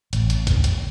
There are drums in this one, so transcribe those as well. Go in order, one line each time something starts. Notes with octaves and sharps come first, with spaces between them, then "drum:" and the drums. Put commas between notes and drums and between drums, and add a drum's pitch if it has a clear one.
A1, drum: hi-hat
drum: hi-hat
drum: kick B1, hi-hat
drum: hi-hat